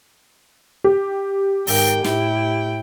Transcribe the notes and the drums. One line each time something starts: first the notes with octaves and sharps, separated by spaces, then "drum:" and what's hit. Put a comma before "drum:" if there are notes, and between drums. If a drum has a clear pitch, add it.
G4
G#2 D#3 G5, drum: open hi-hat
A2 E4 G5, drum: snare